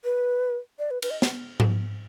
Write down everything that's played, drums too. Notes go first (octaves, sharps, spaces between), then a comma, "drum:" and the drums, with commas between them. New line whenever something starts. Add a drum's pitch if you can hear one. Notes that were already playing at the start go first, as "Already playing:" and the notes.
B4
D5
B4
B4, drum: cymbal
D#5
drum: snare
drum: tom G#2